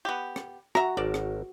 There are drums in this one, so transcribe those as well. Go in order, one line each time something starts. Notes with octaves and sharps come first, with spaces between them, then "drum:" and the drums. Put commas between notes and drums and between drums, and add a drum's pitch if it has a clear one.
B3 G4
drum: rim click
F#4 E5 A#5, drum: rim click
G#1 A#4 D5 A5
drum: rim click